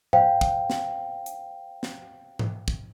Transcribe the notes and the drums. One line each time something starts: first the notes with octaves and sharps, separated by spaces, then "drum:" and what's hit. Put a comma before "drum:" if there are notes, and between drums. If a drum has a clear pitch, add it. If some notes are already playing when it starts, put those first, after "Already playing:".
C5 F5 G5, drum: tom G#2
drum: kick
drum: snare
drum: hi-hat
drum: snare
drum: tom G#2
drum: kick